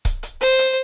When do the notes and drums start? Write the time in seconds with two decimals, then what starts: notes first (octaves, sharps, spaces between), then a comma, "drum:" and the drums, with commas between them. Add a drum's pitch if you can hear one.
0.05 drum: kick C#1, hi-hat
0.23 drum: hi-hat
0.41 C5, drum: hi-hat
0.59 drum: hi-hat